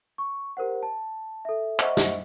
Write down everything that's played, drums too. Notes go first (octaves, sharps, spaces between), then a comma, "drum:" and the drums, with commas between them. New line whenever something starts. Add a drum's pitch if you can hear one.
C#6
G4 A#4 C5 F#5
A5
A4 E5
C5 D#5 E5 F#5 C#6, drum: clap
drum: snare